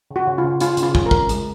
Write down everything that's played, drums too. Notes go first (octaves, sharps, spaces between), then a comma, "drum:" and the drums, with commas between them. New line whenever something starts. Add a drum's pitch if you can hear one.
C#3
F#4
C#3
F4
C#3
C#4 F4, drum: hi-hat
C#3, drum: hi-hat
F4
C#4, drum: kick
A#4
C#4, drum: kick
G#3, drum: hi-hat